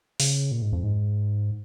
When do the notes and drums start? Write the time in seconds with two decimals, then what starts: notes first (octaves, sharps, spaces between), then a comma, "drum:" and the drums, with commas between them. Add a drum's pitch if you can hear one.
0.20 C#3, drum: open hi-hat
0.51 A#2
0.62 G#2
0.73 F2
0.84 G#2